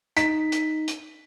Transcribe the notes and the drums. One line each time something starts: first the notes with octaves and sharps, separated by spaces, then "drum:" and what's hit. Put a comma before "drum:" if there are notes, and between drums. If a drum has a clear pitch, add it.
D#4 B6, drum: hi-hat
drum: hi-hat
drum: hi-hat